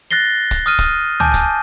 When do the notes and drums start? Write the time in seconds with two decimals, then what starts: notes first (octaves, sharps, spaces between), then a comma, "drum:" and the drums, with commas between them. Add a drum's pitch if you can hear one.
0.11 F#6 A6 A#6 C7 G7
0.51 drum: kick, hi-hat
0.66 D#6 F6 D#7
0.79 drum: kick, hi-hat
1.20 G#5 A5 D6 G6, drum: tom C#2
1.34 drum: kick, hi-hat